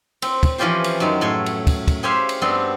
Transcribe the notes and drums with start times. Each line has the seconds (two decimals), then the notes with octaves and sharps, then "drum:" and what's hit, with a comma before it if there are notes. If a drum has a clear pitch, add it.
0.22 C4, drum: cymbal
0.43 drum: kick, cymbal
0.58 E3 F3 C#4 F4 G4 C5
0.84 drum: cymbal
1.00 F#2 D#3 F#3 G#3
1.21 A2 A4 C#5 C6
1.46 drum: cymbal
1.67 drum: kick, cymbal
1.88 drum: kick, cymbal
2.03 G4 G#4 C5 C#5 E5 F5
2.29 drum: cymbal
2.42 G2 B3 C4 A4